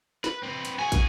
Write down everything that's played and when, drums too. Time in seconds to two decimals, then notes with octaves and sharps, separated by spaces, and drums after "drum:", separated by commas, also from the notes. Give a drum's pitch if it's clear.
0.24 B4, drum: snare
0.43 C4 B4
0.65 drum: hi-hat
0.79 F#4 G#4 G#5
0.92 drum: kick, hi-hat